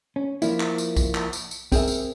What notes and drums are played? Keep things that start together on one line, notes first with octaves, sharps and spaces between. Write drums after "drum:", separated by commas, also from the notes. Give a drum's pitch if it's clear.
C#4
F3 A#3 E4, drum: tambourine
drum: clap
drum: tambourine
drum: kick B1, tambourine
drum: clap
drum: tambourine
drum: tambourine
C4 G#4 A#4 E5, drum: kick B1, tambourine
drum: tambourine